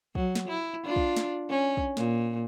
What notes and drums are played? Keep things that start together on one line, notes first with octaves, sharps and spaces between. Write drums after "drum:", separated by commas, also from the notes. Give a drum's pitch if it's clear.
F#3, drum: kick
drum: snare
E4
D4 F4
drum: kick
drum: snare
C#4
drum: kick
A#2, drum: snare